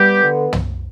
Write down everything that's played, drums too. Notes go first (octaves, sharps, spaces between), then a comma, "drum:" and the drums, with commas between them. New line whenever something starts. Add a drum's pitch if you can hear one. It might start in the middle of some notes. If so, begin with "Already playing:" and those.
Already playing: G3 B3 G4
D3
drum: tom